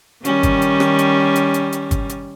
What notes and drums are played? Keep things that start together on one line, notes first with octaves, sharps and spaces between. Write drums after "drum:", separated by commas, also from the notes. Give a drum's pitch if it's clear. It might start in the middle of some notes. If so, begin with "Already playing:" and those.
D#3 G3 C#4, drum: hi-hat
drum: kick, hi-hat
drum: hi-hat
drum: rim click
drum: hi-hat
drum: hi-hat
drum: hi-hat
drum: hi-hat
drum: kick, hi-hat
drum: hi-hat